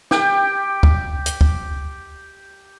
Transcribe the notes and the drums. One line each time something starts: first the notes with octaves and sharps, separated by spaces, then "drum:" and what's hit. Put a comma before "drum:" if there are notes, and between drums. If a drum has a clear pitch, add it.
G4 G5, drum: snare
drum: kick
drum: hi-hat
drum: kick